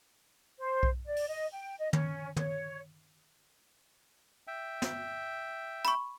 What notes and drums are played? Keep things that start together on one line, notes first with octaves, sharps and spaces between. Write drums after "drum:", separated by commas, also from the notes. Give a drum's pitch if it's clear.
C5
drum: kick B1
D5
drum: open hi-hat
D#5
G5
D#5
C#4, drum: tom
C#5, drum: tom
E5 G5
drum: snare
B5 C#6, drum: hi-hat